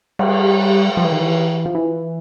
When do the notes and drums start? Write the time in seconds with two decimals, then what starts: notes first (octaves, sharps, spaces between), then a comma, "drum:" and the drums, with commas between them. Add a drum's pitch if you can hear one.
0.19 G3, drum: cymbal
0.97 F3
1.05 E3
1.12 D#3
1.20 E3
1.66 F3
1.75 E3